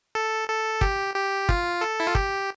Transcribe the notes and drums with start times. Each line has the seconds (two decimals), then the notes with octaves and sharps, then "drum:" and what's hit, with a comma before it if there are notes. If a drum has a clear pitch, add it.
0.15 A4
0.49 A4
0.81 G4, drum: kick
1.15 G4
1.49 F4, drum: kick
1.81 A4
2.00 E4
2.07 F4
2.15 G4, drum: kick